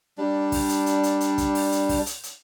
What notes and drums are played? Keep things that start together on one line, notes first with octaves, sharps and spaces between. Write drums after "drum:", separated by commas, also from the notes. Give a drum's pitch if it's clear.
G3 D4
drum: kick, open hi-hat
drum: hi-hat
drum: hi-hat
drum: hi-hat
drum: hi-hat
drum: kick, hi-hat
drum: open hi-hat
drum: hi-hat
drum: kick, open hi-hat
drum: hi-hat
drum: hi-hat